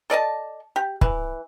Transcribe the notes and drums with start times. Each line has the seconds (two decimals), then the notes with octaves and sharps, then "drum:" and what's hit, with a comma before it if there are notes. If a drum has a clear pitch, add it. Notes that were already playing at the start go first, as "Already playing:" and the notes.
0.10 A4 D5 D#5 A5
0.76 G4
1.01 E3, drum: kick